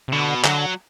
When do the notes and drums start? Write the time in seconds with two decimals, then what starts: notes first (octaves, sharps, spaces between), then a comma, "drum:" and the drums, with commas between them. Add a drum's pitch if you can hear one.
0.08 C3
0.13 B2 D3
0.44 D3 F#3, drum: clap